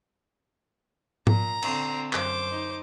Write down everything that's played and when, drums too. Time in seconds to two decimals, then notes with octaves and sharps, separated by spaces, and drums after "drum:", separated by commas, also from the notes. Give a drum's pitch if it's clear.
1.27 A#2 A#5, drum: tom G#2
1.62 D3 C4, drum: cymbal
2.13 F#2 C5 D6, drum: clap
2.51 D#4